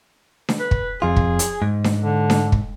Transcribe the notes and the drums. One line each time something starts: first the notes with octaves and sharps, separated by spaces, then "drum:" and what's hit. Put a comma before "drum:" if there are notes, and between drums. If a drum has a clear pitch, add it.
drum: snare D4
B4
drum: kick
F2 F4 G#4
drum: kick
drum: hi-hat
G#2
drum: snare D4
D3
drum: snare D4
drum: kick